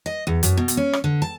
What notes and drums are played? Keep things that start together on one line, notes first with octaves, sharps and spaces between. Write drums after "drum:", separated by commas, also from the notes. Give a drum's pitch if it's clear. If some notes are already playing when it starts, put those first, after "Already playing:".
D#5
E2
F#2, drum: hi-hat
B2
drum: hi-hat
C#4
drum: rim click
D3
A5